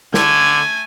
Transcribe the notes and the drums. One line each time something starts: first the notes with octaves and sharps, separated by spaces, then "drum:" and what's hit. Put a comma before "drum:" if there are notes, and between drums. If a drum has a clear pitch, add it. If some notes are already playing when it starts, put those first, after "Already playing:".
D3 A3 G#5 G#6, drum: snare